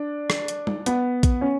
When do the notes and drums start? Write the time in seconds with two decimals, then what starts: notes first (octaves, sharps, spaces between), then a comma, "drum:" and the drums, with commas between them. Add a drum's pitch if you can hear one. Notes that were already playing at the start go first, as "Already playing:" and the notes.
Already playing: D4
0.30 drum: rim click
0.48 drum: hi-hat
0.67 drum: tom G3
0.86 B3, drum: hi-hat
1.23 drum: kick A#1, hi-hat
1.41 C#4